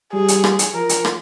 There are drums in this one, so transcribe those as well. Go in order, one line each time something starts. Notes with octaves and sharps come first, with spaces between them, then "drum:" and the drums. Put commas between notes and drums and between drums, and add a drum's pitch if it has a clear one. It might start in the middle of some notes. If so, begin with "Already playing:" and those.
G3 G#4
drum: hi-hat
drum: rim click
drum: hi-hat
F3 A#4
drum: hi-hat
drum: rim click